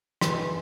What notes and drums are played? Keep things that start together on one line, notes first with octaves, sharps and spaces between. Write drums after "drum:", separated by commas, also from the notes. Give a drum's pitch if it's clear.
E3, drum: rim click